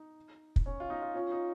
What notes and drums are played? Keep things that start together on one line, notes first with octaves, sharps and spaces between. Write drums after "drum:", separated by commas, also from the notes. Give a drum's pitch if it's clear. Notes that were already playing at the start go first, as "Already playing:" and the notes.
Already playing: D#4
drum: kick
C#4
F4
D#4
F4
C#4 F4
D#4